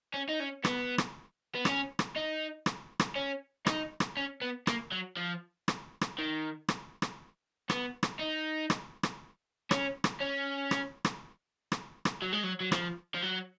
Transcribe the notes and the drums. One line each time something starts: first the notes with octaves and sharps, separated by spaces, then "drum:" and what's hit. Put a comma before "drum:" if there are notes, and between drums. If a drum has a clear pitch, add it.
C#4
D#4
C#4
B3, drum: rim click
drum: rim click
B3
C#4, drum: rim click
drum: rim click
D#4
drum: rim click
drum: rim click
C#4
D#4, drum: rim click
drum: rim click
C#4
B3
A#3, drum: rim click
F#3
F3
drum: rim click
drum: rim click
D#3
drum: rim click
drum: rim click
B3, drum: rim click
drum: rim click
D#4
drum: rim click
drum: rim click
C#4, drum: rim click
drum: rim click
C#4
drum: rim click
drum: rim click
drum: rim click
drum: rim click
F#3
G#3
F#3
F#3
F3, drum: rim click
F3
F#3